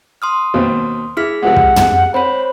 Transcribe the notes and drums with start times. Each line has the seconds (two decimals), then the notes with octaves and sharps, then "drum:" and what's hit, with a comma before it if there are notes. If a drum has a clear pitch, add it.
0.22 C6 D#6 F6
0.54 D#2 B2 C4
1.17 E4 G#4 F6 B6
1.42 C3 F3 G#3 F#5
1.56 drum: kick
1.76 drum: tom
2.14 C4 C5 C#5 B5